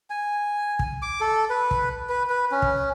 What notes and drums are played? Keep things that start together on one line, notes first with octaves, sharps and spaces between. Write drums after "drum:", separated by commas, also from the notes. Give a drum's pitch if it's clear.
G#5
drum: kick
D6
A4
B4
drum: kick
B4
B4
C#4
drum: kick